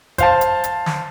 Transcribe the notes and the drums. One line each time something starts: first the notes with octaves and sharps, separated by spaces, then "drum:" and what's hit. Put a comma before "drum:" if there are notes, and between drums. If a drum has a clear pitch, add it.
C5 F5 A5, drum: kick G#1, hi-hat
drum: hi-hat
drum: hi-hat
drum: snare